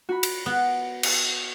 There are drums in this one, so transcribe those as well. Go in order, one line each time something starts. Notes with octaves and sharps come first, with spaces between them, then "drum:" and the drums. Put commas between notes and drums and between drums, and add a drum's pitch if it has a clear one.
F#4 B5
drum: cymbal
B3
drum: cymbal